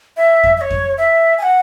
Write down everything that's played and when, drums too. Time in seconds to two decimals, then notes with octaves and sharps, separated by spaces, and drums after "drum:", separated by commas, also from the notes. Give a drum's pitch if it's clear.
0.17 E5
0.43 drum: kick F2
0.57 E5
0.61 C#5
0.70 drum: kick F2
0.98 E5
1.38 G#5
1.43 F#5